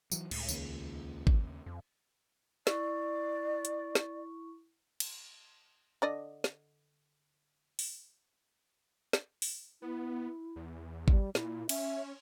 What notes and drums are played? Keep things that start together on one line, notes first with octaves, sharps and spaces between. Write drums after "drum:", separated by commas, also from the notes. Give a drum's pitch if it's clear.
E3 F#3, drum: tambourine
C#2 A2, drum: cymbal
D#2 C#3 A#3, drum: tambourine
drum: kick G#1
F2
E4 D5 C#6, drum: snare
drum: hi-hat
drum: snare
drum: cymbal
D3 D5 D#5
drum: snare
drum: open hi-hat
drum: snare
drum: open hi-hat
B3 E4
E2
G3, drum: kick G#1
A#2 E4, drum: snare
C#4 E5, drum: cymbal